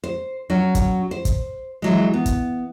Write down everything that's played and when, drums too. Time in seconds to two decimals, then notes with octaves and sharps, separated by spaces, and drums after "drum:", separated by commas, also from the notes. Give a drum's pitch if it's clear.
0.04 C5
0.50 F#3 C#4 F#4
0.75 drum: kick, hi-hat
1.11 C5
1.25 drum: kick, hi-hat
1.82 E3 F#3 G#3
2.14 B3
2.26 drum: kick, hi-hat